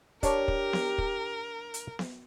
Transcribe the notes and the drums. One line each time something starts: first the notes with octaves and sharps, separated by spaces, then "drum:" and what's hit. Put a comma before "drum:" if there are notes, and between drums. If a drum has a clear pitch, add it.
D4 G4 A#4 C#5, drum: kick, hi-hat
drum: kick
drum: snare B3
drum: kick
drum: hi-hat
drum: snare B3